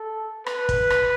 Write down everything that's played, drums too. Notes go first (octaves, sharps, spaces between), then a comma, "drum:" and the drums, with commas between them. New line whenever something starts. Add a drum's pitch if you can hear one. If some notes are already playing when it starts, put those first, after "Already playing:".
Already playing: A4
B4, drum: rim click
drum: kick, hi-hat
drum: rim click